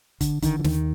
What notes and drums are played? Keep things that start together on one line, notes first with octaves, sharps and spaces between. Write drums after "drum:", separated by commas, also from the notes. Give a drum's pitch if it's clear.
D3, drum: kick, hi-hat
D3 D#3, drum: kick, hi-hat
E3
D#2 D#3, drum: snare